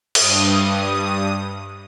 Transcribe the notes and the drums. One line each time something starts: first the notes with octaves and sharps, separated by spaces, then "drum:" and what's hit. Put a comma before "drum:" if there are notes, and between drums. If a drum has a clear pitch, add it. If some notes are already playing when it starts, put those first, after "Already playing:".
G2 D#6, drum: cymbal